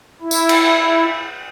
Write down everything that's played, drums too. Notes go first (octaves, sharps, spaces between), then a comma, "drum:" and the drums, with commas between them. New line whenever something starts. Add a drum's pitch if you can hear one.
E4
drum: tambourine
drum: cymbal